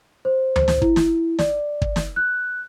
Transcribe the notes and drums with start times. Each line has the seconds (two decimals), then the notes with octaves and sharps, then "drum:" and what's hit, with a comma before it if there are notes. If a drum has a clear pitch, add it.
0.25 C5
0.56 C5, drum: tom D2
0.68 drum: snare
0.82 E4, drum: kick
0.96 drum: snare
1.39 D5, drum: snare
1.82 drum: kick
1.96 drum: snare
2.16 F#6